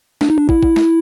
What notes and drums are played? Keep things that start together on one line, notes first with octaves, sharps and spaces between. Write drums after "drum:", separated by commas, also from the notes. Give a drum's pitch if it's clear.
D4, drum: snare
D#4
D4
E4, drum: kick
drum: kick
drum: snare